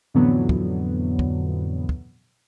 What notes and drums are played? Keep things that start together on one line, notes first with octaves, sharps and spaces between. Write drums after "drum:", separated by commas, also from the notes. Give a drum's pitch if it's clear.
F2 A2 D3 E3 F#3 B3
drum: kick
drum: kick
drum: kick